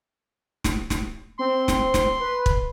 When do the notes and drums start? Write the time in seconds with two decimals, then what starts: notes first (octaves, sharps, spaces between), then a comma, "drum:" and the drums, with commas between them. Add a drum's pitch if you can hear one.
0.64 drum: snare
0.90 drum: snare
1.39 C4 C6
1.68 drum: snare
1.94 drum: snare
2.20 B4
2.46 drum: kick